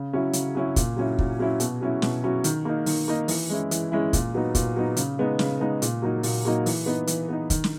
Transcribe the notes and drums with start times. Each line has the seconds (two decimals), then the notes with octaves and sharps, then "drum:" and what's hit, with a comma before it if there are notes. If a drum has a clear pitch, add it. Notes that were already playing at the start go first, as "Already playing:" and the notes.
Already playing: C#3
0.13 F#3 C#4 E4
0.33 C#3, drum: hi-hat
0.55 F#3 C#4 E4
0.76 A#2, drum: kick, hi-hat
0.97 F#3 C#4 E4
1.19 A#2, drum: kick
1.39 F#3 C#4 E4
1.60 B2, drum: hi-hat
1.81 F#3 C#4 E4
2.02 B2, drum: snare
2.23 F#3 C#4 E4
2.44 D#3, drum: hi-hat
2.65 A#3 D#4
2.86 D#3, drum: open hi-hat
3.08 A#3 D#4
3.28 E3, drum: open hi-hat
3.50 G#3 C#4 E4
3.71 E3, drum: hi-hat
3.92 G#3 C#4 E4
4.13 A#2, drum: kick, hi-hat
4.34 F#3 B3 D#4
4.55 A#2, drum: kick, hi-hat
4.76 F#3 B3 D#4
4.97 C#3, drum: hi-hat
5.19 G#3 B3 D#4
5.39 C#3, drum: snare
5.60 G#3 B3 D#4
5.82 A#2, drum: hi-hat
6.02 F#3 A#3 D#4
6.23 A#2, drum: open hi-hat
6.45 F#3 A#3 D#4
6.66 E3, drum: open hi-hat
6.86 B3 D#4
7.07 E3, drum: hi-hat
7.29 B3 D#4
7.50 D#3, drum: kick, hi-hat
7.64 drum: snare